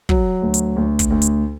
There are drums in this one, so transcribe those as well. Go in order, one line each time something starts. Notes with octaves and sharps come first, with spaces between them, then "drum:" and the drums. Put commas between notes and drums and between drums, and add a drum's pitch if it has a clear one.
F#3, drum: kick
D2
drum: hi-hat
D2
drum: kick, hi-hat
D2
drum: hi-hat